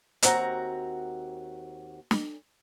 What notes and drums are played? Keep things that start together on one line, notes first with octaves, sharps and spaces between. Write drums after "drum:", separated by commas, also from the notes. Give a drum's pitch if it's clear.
D#2 C4 F#4 A#5, drum: hi-hat
drum: snare